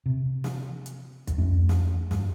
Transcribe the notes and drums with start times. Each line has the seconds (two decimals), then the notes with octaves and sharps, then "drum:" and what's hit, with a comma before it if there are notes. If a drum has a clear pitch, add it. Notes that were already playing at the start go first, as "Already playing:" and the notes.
0.06 C3
0.44 drum: snare
0.86 drum: hi-hat
1.27 drum: kick, hi-hat
1.38 F2 A3 C#4
1.69 drum: snare
2.11 G2, drum: snare